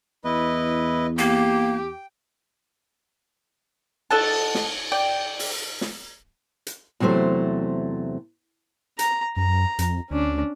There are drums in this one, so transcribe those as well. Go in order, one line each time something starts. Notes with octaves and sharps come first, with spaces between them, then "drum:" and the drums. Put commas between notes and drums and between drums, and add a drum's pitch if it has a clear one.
E2 E4 B4 D#5
A#3 G4 G5, drum: hi-hat
A4 D#5 F#5 A5, drum: cymbal
drum: snare
D5 G5
drum: open hi-hat
drum: snare
drum: hi-hat
E2 C3 F#3 A3 C5
A#5, drum: hi-hat
F#2 A#5
F2, drum: hi-hat
D2 C#4 D4